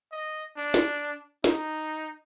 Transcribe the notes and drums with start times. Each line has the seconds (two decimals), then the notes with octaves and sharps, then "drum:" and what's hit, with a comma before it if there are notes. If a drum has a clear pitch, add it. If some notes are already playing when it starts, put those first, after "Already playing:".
0.12 D#5
0.57 D4
0.74 drum: snare
1.44 D#4, drum: snare